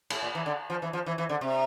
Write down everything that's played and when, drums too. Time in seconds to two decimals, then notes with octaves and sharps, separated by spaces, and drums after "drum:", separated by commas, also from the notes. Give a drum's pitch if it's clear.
0.10 A2, drum: cymbal
0.22 A#2
0.35 E3
0.46 D3
0.70 F3
0.82 E3
0.93 F3
1.06 E3
1.18 E3
1.29 D3
1.41 C3